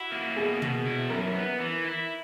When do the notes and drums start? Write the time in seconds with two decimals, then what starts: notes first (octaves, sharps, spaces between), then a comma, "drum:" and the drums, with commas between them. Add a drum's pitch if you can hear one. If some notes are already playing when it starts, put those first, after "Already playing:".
Already playing: E4 F#4
0.11 A#3
0.36 B2 G#4
0.62 B2, drum: tom
0.87 E4
1.10 F#2 A#4
1.35 B3
1.60 E3
1.85 E4